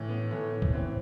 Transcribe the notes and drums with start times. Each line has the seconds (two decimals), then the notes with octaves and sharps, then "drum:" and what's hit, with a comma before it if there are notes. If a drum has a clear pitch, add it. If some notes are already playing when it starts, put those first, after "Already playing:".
Already playing: A2 E3
0.09 B3
0.30 A2 E3 A3
0.51 B3
0.62 drum: kick
0.73 A2 E3 C4